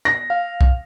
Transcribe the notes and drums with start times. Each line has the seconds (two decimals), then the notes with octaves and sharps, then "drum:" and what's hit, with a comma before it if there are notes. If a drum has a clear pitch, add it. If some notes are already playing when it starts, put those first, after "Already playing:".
0.05 A#6
0.30 F5
0.61 drum: kick